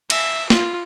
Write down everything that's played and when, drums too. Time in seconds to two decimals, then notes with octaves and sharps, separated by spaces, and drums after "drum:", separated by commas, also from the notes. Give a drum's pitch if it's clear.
0.10 E5, drum: cymbal
0.50 F4, drum: snare